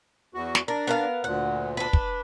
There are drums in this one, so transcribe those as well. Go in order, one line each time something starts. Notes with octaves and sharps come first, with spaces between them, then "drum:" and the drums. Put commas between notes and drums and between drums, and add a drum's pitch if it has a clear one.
E2 F#4
drum: snare
D4 A#4 D5
B3 A#4 F5
D2 A#2 F#5
D4 B4
drum: kick